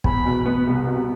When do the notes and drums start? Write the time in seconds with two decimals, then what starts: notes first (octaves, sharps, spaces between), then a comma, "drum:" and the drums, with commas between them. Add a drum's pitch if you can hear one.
0.04 E2 B5, drum: kick
0.25 B2
0.46 B3
0.67 C2
0.87 B2